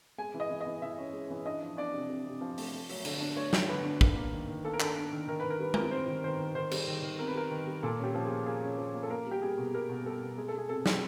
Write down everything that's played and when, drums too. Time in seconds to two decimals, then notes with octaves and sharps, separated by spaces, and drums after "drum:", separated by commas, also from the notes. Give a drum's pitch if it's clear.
0.18 G#3 G#5
0.34 E3
0.40 D#5
0.50 E3
0.61 D#5
0.67 E3
0.82 E3 E5
0.98 C#4
1.13 G#3
1.30 E3
1.45 D4 D#5
1.62 F3
1.77 D4 D5
1.94 C3
2.09 C3
2.26 C3
2.41 F3
2.58 A3, drum: open hi-hat
2.73 A3
2.89 F#3, drum: open hi-hat
3.05 D3, drum: cymbal
3.20 D4
3.37 A3 C#5
3.53 A3, drum: snare
3.68 D3 B4
3.84 D4
4.01 A#3, drum: kick
4.17 A#3
4.33 D#3
4.48 D#3
4.64 A#3 A4
4.74 A#4
4.80 D4 A4, drum: clap
4.96 D4
5.12 D#3
5.28 D#3 A#4
5.40 D#3 B4
5.50 A#4
5.60 G3 B4
5.74 C4 A#4, drum: tom
5.91 C4 C5
6.07 D#3
6.24 D#3 C5
6.39 D#3
6.55 D#3 C5
6.71 G3, drum: cymbal
6.87 D#3
7.03 D#3
7.19 C4 A#4
7.28 B4
7.35 G3 A#4
7.51 D#3
7.67 G3
7.83 A#2 A4
7.99 C#4 G4
8.15 F3
8.26 G#4
8.31 A#3
8.46 A#3 G#4
8.63 C#4
8.78 F3
8.94 A#3
9.03 A4
9.10 A#3 A#4
9.27 G3 G4
9.42 G3 G#4
9.58 B2
9.74 G3 A#4
9.89 B2
10.05 G3 A4
10.22 B2
10.37 G#3 G#4
10.48 A4
10.54 G#3 G#4
10.69 C3 A4
10.86 C4, drum: snare